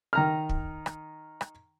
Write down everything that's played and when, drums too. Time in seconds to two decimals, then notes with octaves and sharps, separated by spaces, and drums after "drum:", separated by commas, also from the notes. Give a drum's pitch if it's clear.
0.13 D#3 A#5 F6
0.49 drum: kick
0.86 drum: rim click
1.41 drum: rim click